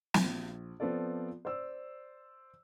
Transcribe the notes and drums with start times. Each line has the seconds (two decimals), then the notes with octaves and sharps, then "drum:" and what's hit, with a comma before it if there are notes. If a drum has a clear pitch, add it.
0.14 drum: snare
0.24 A#1
0.80 F3 B3 C4 F4 A4 D5
1.45 C5 D5 E6